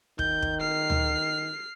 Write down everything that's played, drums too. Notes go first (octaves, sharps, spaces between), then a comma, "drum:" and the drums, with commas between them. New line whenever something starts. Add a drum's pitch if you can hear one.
D#3 G6, drum: kick
drum: kick
F6 C7
drum: tom D2